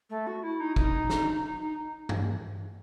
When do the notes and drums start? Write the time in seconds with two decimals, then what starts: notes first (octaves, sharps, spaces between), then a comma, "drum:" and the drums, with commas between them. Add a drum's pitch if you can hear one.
0.10 A3
0.27 F#4
0.43 E4
0.60 D#4
0.76 D#4, drum: kick
1.10 drum: snare
1.42 D#4
1.60 D#4
2.09 drum: tom